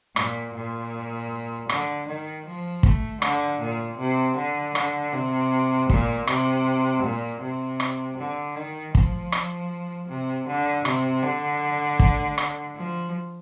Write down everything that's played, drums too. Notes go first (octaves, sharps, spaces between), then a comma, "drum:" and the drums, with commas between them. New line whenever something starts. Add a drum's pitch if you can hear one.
A#2, drum: rim click
A#2
D3, drum: rim click
D#3
F3
A3, drum: kick
D3, drum: rim click
A#2
C3
D3
D3, drum: rim click
C3
A#2, drum: kick
C3, drum: rim click
A#2
C3
drum: rim click
D3
D#3
F3, drum: kick
drum: rim click
C3
D3
C3, drum: rim click
D3
drum: kick
drum: rim click
F3